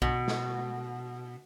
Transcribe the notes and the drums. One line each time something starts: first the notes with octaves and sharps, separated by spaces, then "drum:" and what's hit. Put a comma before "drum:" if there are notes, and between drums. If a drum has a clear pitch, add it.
B2, drum: kick B1
drum: snare